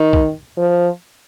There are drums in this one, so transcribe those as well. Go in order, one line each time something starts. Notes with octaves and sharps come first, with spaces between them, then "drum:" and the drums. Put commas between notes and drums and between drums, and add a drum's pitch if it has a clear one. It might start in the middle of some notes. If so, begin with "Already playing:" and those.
Already playing: D#3
drum: kick
F3